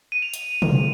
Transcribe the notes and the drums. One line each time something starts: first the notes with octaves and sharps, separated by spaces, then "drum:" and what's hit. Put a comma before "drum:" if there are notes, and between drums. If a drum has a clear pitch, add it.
D#7
F7
drum: hi-hat
drum: tom